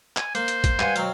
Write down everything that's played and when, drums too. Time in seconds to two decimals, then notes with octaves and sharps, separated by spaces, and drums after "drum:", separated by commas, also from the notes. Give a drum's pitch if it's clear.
0.17 G#5, drum: clap
0.35 A#3 C5, drum: hi-hat
0.48 drum: hi-hat
0.64 drum: kick, hi-hat
0.79 G2 F5 F#5 G#5, drum: clap
0.96 B2 F#3 C4 F5, drum: hi-hat